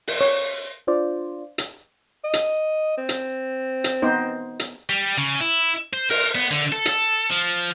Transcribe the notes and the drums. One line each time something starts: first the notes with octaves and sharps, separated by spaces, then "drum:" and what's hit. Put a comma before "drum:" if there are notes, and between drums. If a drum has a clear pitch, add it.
drum: open hi-hat
C#5
D4 F4 C5 D5
drum: hi-hat
D#5
drum: hi-hat
C4
drum: hi-hat
drum: hi-hat
B3 D#4 C5
drum: hi-hat
G3
C#3
E4
C5
A#4, drum: open hi-hat
B3
D3
A4
drum: hi-hat
F3